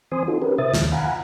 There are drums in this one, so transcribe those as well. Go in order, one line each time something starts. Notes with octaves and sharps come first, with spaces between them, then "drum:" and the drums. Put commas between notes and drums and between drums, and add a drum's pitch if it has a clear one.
E3 C4 C5 G#5 C6 D#6
D#4 F4 F#4 A4
C#4 G4 A#4 B4
C3 C5 E5 D#6 A6
D#2 C3 F3 G#3, drum: snare
F5 F#5 G#5 A#5 B5